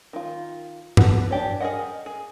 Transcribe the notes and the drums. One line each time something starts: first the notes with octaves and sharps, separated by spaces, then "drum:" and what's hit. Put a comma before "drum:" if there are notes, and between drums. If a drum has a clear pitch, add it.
D#3 F4
A3 B3 F#4 B4, drum: tom G2
D4 G4 C#5
G#4 A#4 D5 D#5 F#5
G#4